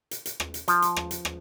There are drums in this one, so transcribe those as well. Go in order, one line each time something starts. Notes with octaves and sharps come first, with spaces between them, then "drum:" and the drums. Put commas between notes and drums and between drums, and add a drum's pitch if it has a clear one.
drum: hi-hat
drum: hi-hat
drum: rim click
drum: hi-hat
F3, drum: hi-hat
drum: hi-hat
drum: rim click
drum: hi-hat
drum: rim click